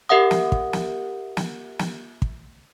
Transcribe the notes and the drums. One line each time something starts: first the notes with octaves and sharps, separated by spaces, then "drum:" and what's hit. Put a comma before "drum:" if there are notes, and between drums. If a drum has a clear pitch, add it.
G4 A#4 E5 F#5 D#6
drum: snare
drum: kick
drum: snare
drum: snare
drum: snare
drum: kick